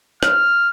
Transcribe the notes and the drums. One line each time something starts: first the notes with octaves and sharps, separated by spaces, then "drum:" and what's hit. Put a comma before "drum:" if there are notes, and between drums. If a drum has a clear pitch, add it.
F6, drum: rim click